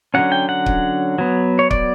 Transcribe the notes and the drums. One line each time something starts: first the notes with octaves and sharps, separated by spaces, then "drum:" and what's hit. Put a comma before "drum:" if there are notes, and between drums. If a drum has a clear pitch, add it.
D3 F#3 C#4 F#5
G5
F#5
drum: kick C#1
F#3 B3
C#5
D5, drum: kick C#1